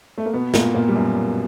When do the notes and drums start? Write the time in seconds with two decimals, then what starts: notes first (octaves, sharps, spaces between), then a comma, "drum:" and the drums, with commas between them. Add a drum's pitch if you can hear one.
0.18 A3
0.26 A#3
0.34 B2 B3
0.54 A#2 A#3, drum: snare
0.75 A#2 A#3
0.88 G3
0.95 F#2 F#3